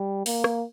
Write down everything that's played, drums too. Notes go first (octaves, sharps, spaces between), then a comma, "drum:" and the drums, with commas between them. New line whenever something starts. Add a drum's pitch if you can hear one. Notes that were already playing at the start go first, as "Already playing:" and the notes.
Already playing: G3
A#3, drum: open hi-hat
drum: rim click